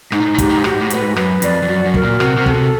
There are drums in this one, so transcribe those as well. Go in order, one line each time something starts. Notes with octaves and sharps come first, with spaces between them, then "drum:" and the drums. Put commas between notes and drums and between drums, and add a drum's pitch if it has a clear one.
G#2 D#4, drum: rim click
A2
G#2
A2
G#2 G4, drum: kick, hi-hat
A2
G#2
A2 F#4, drum: rim click
G#2
A2
G#2
A2 B4, drum: hi-hat
G#2
F#2 B4, drum: rim click
F2 D5, drum: hi-hat
F2
F#2 F#4
F#2
A#4, drum: kick
A#2
C3 F#4, drum: rim click
C3
A4, drum: kick
C3